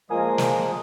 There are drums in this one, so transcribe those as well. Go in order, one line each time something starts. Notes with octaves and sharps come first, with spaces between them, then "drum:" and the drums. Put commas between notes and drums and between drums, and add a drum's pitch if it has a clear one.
A#2 F3 G#3 A#3 G#5 D#6
drum: snare